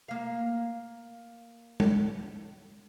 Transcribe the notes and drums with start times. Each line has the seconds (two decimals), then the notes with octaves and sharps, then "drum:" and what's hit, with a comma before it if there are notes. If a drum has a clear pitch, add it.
0.08 A#3 F5
1.80 drum: tom